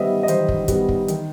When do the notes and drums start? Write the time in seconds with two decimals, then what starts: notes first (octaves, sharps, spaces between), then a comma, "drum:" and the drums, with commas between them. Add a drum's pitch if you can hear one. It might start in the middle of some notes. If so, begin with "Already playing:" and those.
Already playing: D#3 G3 B3 B4 C5 D#5 E5
0.23 D#5
0.28 D#3 C5, drum: hi-hat
0.48 drum: kick
0.68 G3 B3, drum: kick, hi-hat
0.89 drum: kick
1.08 D#3, drum: hi-hat